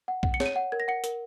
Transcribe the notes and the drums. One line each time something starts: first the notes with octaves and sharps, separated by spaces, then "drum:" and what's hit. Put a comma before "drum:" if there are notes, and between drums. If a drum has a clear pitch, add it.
F#5
F#5, drum: kick B1
C#7
C#5, drum: snare
D#7
F#5
A#4 G#6
A#6
F#5 C#7
A#4, drum: hi-hat